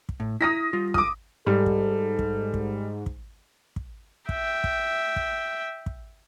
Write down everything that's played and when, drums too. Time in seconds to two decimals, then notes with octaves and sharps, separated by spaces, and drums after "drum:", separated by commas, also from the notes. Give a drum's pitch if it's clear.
0.09 drum: kick
0.20 A2
0.41 E4 A#5 D#6 A#6 B6
0.73 G3 F4
0.94 D6 D#6, drum: kick
1.46 G#2 G3 A4
1.66 drum: kick
2.19 drum: kick
2.54 drum: kick
3.06 drum: kick
3.76 drum: kick
4.29 E5 G5, drum: kick
4.64 drum: kick
5.16 drum: kick
5.86 drum: kick